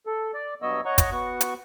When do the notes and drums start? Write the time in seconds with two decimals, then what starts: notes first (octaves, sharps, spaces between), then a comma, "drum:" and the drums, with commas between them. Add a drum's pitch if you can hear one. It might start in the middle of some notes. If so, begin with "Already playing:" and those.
0.06 A4
0.34 D5
0.62 G2 F#3 B3 C#5 D#5 E6
0.85 C#5 D#5 F#5 A#5 C#6
0.98 drum: kick, hi-hat
1.12 B3 F#4 F#5 C#6
1.41 drum: hi-hat